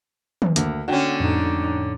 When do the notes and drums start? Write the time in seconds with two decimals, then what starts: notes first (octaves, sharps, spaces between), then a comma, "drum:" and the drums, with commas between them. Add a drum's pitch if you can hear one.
0.42 drum: tom D#3
0.56 D2 A#3, drum: hi-hat
0.88 D3 C#4 F#4 G5
1.20 F2 A2 D4 D#4